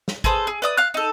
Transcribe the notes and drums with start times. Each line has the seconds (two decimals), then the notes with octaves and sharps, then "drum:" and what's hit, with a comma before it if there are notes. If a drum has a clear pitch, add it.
0.08 drum: snare
0.24 G#4 A4 B4 C5, drum: kick
0.47 G#4
0.62 B4 D5 D#6
0.77 F5 F6 F#6
0.94 D#4 A4